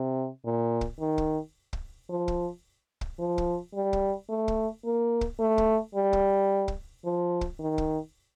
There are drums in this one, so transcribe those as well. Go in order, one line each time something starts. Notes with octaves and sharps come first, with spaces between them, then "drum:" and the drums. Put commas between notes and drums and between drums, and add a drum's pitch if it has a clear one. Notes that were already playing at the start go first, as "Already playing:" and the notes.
Already playing: C3
A#2
drum: kick
D#3
drum: kick
drum: kick
F3
drum: kick
drum: kick
F3
drum: kick
G3
drum: kick
A3
drum: kick
A#3
drum: kick
A3
drum: kick
G3
drum: kick
drum: kick
F3
drum: kick
D#3
drum: kick